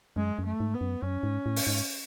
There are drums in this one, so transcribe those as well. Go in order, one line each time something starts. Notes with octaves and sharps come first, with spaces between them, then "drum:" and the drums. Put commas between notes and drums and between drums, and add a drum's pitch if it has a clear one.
F#2 G#3
F#2
A3
G#2
B3
F#2
F#2 C#4
G#2
A2
drum: open hi-hat
G#2